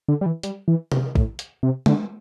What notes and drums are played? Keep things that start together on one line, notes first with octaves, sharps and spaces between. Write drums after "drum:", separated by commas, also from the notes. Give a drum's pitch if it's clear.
D3
G3
E3
G3, drum: hi-hat
E3
C3, drum: tom C3
A2, drum: kick
drum: hi-hat
C3
D3, drum: tom